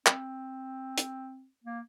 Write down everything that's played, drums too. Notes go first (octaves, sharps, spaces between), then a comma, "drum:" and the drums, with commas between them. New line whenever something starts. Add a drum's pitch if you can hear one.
C4, drum: clap
drum: hi-hat
A#3